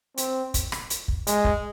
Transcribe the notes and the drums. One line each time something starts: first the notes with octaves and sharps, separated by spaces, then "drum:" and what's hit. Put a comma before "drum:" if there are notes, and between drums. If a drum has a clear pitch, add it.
C4, drum: hi-hat
drum: kick, hi-hat
drum: rim click
drum: hi-hat
drum: kick
G#3, drum: hi-hat
drum: kick